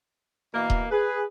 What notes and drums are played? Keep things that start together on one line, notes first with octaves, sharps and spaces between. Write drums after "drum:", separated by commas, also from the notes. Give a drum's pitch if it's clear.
B2 E3 A#3
drum: kick D#1
G#4 B4